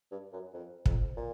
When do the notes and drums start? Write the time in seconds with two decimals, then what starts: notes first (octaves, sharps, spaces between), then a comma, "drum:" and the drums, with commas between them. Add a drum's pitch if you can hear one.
0.12 G2
0.33 F#2
0.54 F2
0.86 F2, drum: kick
1.17 A#2